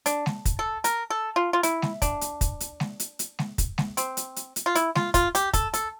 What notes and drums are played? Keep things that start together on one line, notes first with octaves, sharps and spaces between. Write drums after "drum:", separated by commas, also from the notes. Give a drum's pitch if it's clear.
D4, drum: hi-hat
drum: snare G#3
drum: kick, hi-hat
A4
A#4, drum: hi-hat
A4
F4
F4
E4, drum: hi-hat
drum: snare G#3
D4, drum: kick, hi-hat
drum: hi-hat
drum: kick, hi-hat
drum: hi-hat
drum: snare G#3
drum: hi-hat
drum: hi-hat
drum: snare G#3
drum: kick, hi-hat
drum: snare G#3
C4, drum: hi-hat
drum: hi-hat
drum: hi-hat
drum: hi-hat
F4
E4, drum: hi-hat
F4, drum: snare G#3
F4, drum: kick, hi-hat
G4, drum: hi-hat
A4, drum: kick, hi-hat
A4, drum: hi-hat